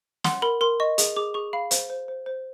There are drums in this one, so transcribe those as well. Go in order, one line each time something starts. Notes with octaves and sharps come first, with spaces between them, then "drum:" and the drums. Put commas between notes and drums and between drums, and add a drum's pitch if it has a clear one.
F#5 C6, drum: snare
A#4 B5
A#4 C6
D#5 C#6
G#4, drum: hi-hat
G#4 D6
G#4 C#6
F5 B5
C5, drum: hi-hat
C5
C5
C5